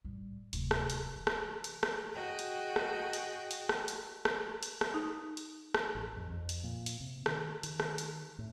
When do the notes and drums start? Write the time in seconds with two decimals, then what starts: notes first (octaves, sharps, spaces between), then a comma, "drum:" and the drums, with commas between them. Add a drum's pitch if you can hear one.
0.05 A2 G3
0.53 D1 C3, drum: hi-hat
0.71 drum: rim click
0.90 drum: hi-hat
1.15 E3
1.27 drum: rim click
1.64 drum: hi-hat
1.83 drum: rim click
2.12 F#4 G#4 D#5 G5
2.39 drum: hi-hat
2.76 drum: rim click
3.13 drum: hi-hat
3.51 drum: hi-hat
3.69 drum: rim click
3.88 drum: hi-hat
4.25 drum: rim click
4.63 drum: hi-hat
4.81 drum: rim click
4.94 D#4
5.37 drum: hi-hat
5.74 drum: rim click
5.95 A1
6.16 F2
6.30 F2
6.49 drum: hi-hat
6.64 A#2
6.86 drum: hi-hat
7.00 C3
7.26 D#3, drum: rim click
7.63 D#3, drum: hi-hat
7.80 drum: rim click
7.98 drum: hi-hat
8.39 A2